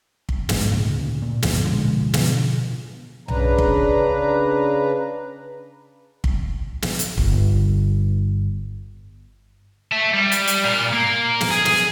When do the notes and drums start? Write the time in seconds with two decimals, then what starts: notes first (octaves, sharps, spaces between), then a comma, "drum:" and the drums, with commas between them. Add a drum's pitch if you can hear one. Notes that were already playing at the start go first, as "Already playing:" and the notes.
0.29 drum: kick
0.49 G#2, drum: snare
0.70 D2 A#2 C#3
1.22 A#2
1.42 D1 G1 D2 F3, drum: snare
1.64 B2 D3 F3 G#3
2.14 B2 D3 F3, drum: snare
3.28 C#3 D4 B4 A#5, drum: tom B1
3.58 drum: kick
6.24 drum: kick
6.82 drum: snare
6.99 drum: hi-hat
7.18 G1, drum: kick
9.92 E5 A5
10.14 G3
10.32 drum: hi-hat
10.47 drum: hi-hat
10.64 A#2 F5
10.93 A#3
11.41 drum: snare
11.51 G#4
11.65 drum: snare